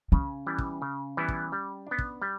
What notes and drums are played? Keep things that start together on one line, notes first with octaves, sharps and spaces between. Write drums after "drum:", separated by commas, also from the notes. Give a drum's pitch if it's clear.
C#3 C#4
E3 G3 B3 E4
drum: kick
C#3
E3 G3 B3 E4
drum: kick
G3
B3 D4
drum: kick
G3